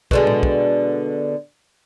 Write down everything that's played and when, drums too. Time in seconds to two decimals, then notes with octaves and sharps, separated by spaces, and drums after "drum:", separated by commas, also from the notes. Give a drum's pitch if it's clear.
0.11 B2 D3 G#3, drum: kick
0.27 drum: tom A2
0.43 drum: kick